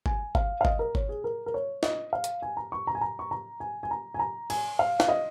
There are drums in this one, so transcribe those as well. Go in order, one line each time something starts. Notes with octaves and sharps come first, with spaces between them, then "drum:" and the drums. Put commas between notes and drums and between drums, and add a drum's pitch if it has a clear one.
G#5, drum: kick G1
F5, drum: kick G1
F5
D#5, drum: kick G1
A#4
C#5, drum: kick G1
G#4
A#4
A#4
C#5
D#5, drum: snare
F5
drum: hi-hat
G#5
A#5
C#6
A#5
G#5
A#5
C#6
A#5
G#5
G#5
A#5
G#5
A#5
G#5, drum: cymbal
F5
F5, drum: snare
D#5